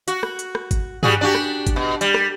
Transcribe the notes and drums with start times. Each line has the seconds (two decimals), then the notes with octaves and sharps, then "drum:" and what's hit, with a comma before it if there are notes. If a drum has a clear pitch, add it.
0.08 F#4, drum: hi-hat
0.23 drum: rim click
0.39 drum: hi-hat
0.55 drum: rim click
0.71 drum: kick G1, hi-hat
1.03 G3 F#4 G#4, drum: tom
1.21 D4 F#4 G4
1.35 drum: rim click
1.67 drum: kick G1, hi-hat
1.76 B2
2.01 G3, drum: hi-hat
2.14 drum: rim click